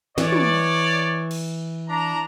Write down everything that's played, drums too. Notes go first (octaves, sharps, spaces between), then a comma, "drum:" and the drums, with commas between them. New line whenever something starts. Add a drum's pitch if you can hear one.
E3 C#5 D5, drum: snare
drum: tom
drum: cymbal
D4 A#5